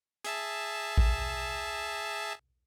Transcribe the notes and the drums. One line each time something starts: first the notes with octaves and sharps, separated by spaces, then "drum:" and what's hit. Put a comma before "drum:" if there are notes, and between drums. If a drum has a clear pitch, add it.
G#4 E5 A5, drum: hi-hat
drum: kick A1